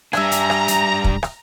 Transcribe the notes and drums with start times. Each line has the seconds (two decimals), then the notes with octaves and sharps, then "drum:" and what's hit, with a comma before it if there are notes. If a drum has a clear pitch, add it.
0.13 G3 D4 E5 G#5 A#5, drum: rim click
0.31 drum: hi-hat
0.50 drum: rim click
0.68 drum: hi-hat
1.04 drum: kick
1.23 drum: rim click